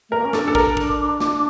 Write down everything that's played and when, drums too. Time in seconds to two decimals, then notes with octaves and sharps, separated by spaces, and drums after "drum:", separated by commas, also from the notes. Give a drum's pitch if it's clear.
0.09 A3 A#4
0.17 A#3
0.25 C#4
0.33 D4 A4, drum: snare
0.48 A4
0.55 A#4, drum: kick
0.77 drum: kick
1.20 drum: snare